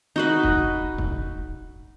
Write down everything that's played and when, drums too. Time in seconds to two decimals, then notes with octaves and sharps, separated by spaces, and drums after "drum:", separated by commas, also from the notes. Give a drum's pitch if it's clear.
0.16 D#4 F#4 B4
0.43 drum: kick
0.98 drum: kick